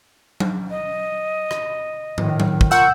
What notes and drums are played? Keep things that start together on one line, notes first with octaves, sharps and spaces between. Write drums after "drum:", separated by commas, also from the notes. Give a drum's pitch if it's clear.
drum: tom F#3
D#5
drum: rim click
A2 D#3, drum: tom
drum: tom F#3
drum: kick
F4 A#4 F#5 C#6 E6 G6